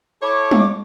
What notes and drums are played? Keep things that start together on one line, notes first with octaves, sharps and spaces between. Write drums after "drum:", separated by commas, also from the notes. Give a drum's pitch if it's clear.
E4 A4 C#5 D6
drum: tom G3